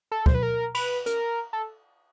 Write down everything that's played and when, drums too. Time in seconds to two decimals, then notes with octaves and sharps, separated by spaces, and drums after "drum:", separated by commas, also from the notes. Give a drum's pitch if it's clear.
0.12 A4
0.26 C5, drum: kick
0.34 B4
0.43 A#4
0.75 B4, drum: cymbal
1.06 A#4, drum: hi-hat
1.53 A4